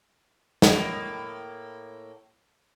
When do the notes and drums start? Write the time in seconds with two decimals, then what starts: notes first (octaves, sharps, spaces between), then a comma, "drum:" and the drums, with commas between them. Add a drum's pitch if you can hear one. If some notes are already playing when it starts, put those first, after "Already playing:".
0.62 A2 A#3, drum: snare